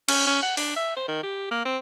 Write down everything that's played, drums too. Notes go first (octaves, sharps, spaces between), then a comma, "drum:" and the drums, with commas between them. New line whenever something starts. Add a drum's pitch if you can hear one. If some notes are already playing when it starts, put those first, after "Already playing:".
C#4, drum: cymbal
C#4
F#5
D4, drum: open hi-hat
E5
C5
D#3
G4
A#3
C4